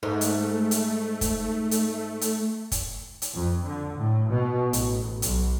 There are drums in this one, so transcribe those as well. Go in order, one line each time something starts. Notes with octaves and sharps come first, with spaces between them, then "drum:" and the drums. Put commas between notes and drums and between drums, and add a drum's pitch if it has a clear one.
G#2 A3
drum: hi-hat
drum: hi-hat
drum: kick, hi-hat
drum: hi-hat
drum: hi-hat
drum: kick, hi-hat
drum: hi-hat
F2
D3
A2
B2
A1, drum: hi-hat
B1, drum: hi-hat